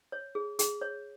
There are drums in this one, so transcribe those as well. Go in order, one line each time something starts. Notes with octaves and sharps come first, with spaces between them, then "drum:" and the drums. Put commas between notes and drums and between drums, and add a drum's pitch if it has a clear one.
C#5
G#4
G#4, drum: hi-hat
C#5